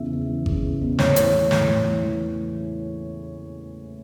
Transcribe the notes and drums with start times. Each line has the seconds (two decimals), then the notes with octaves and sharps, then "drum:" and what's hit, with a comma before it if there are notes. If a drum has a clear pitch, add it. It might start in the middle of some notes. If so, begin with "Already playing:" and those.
Already playing: E2 C#3 E3 E5
0.11 E2
0.29 E3
0.46 C#3, drum: kick G#1
0.63 E2
0.81 E2
0.99 A2 C#5, drum: snare
1.16 E3, drum: hi-hat
1.33 E3
1.51 A2, drum: snare
1.68 A2
1.86 E3
2.03 E3